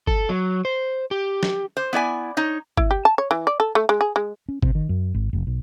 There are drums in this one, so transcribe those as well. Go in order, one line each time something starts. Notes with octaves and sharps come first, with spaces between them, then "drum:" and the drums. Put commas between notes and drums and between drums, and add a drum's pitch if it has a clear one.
A4, drum: kick
F#3
C5
G4
drum: snare
C5
B3 E4 D5 G#5
D#4 C#5
E4, drum: kick
G4
A5
C#5
E3
D5
A4
A3
G#3
G#4
G#3
C#4
C3, drum: kick
D#3
F#2
G#1
F1
B1